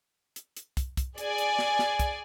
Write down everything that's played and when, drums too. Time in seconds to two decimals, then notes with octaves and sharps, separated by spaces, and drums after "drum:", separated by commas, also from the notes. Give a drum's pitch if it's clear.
0.36 drum: hi-hat
0.57 drum: hi-hat
0.77 drum: kick, hi-hat
0.97 drum: kick, hi-hat
1.18 G#4 D5 G#5, drum: hi-hat
1.38 drum: hi-hat
1.59 drum: snare
1.79 drum: snare
1.99 drum: kick, hi-hat